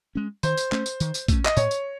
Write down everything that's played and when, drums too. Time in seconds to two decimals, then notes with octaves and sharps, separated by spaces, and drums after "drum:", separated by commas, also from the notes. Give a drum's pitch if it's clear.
0.15 G#3 C#4
0.43 D#3 C5, drum: tambourine
0.57 drum: tambourine
0.72 A3 C#4, drum: clap
0.86 drum: tambourine
1.00 D#3, drum: tambourine
1.14 drum: tambourine
1.28 A3 C#4, drum: kick, tambourine
1.45 D#5, drum: clap
1.57 A2 C#5, drum: tambourine
1.71 drum: tambourine